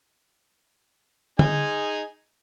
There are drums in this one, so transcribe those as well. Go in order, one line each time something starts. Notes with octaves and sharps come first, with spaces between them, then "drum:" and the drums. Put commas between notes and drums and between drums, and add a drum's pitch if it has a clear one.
D#4 G#4 G#5, drum: tom D3